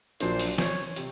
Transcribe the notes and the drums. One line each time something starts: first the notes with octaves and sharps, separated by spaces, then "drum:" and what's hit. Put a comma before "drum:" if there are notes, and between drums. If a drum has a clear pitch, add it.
A#1 A#2 F#3 A#3 D4 C5, drum: hi-hat
drum: open hi-hat
C#5, drum: snare
C3, drum: hi-hat